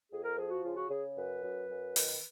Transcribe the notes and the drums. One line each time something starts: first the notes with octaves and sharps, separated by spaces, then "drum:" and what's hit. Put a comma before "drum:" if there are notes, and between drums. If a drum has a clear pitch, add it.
F2 G#4
A#4
F3 G#4
F#4
C#3 F4
F#4
C#3 G#4
F#2 B4
F#2
F#2
D#3, drum: open hi-hat